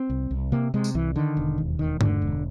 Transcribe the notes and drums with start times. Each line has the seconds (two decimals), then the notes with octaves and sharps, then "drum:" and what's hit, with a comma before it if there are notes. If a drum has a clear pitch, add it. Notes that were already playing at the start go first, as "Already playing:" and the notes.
Already playing: C4
0.10 C2
0.31 C2
0.52 C3 A#3
0.74 C3 G#3
0.84 drum: tambourine
0.95 C2 E3
1.16 D3 D#3
1.37 E1
1.58 D#2
1.79 E1 D#3
2.01 D3, drum: tom G2
2.22 E1